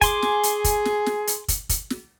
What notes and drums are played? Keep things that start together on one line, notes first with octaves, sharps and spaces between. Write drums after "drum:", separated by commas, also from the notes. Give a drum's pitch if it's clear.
G#4 G#5 C6 D6, drum: kick, hi-hat
drum: snare
drum: hi-hat
drum: kick, hi-hat
drum: snare
drum: snare
drum: hi-hat
drum: kick, hi-hat
drum: kick, hi-hat
drum: snare